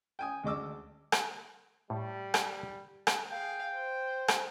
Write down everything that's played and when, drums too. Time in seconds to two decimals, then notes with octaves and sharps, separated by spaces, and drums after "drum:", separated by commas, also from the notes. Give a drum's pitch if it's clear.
0.19 G5 G#5 D#6
0.43 D2 G#3 D#5 D6 E6
1.12 drum: rim click
1.90 A2 G3
2.34 drum: rim click
3.07 drum: rim click
3.31 G#4 F5 G5
3.74 C5
4.28 drum: rim click